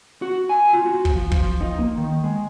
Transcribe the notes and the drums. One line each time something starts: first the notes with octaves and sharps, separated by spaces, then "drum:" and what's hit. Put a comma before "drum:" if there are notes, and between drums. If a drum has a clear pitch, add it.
F#4
G#5
F4
F#4
drum: kick
F3
F3, drum: kick
D#4
A#3
D#3
G#3